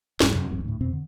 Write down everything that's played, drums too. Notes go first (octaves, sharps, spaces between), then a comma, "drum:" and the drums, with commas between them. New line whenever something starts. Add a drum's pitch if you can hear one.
D1 G2 G3, drum: snare
F#2 C3
D1 A1 F#2 C4
D2 A2
F2 B2 C4
D3